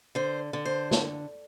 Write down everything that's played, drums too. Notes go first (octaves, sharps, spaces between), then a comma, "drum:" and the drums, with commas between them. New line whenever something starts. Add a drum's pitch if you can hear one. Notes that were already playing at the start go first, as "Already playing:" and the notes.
D3 C5
D3
C5
drum: snare